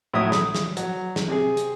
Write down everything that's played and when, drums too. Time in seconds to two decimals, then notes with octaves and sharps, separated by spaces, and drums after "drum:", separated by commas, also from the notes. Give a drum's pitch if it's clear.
0.14 A2 F#3 E4 E5 D#6
0.32 D#6, drum: snare
0.55 drum: snare
0.77 F#3, drum: hi-hat
1.16 drum: snare
1.28 C3 G#4
1.57 drum: hi-hat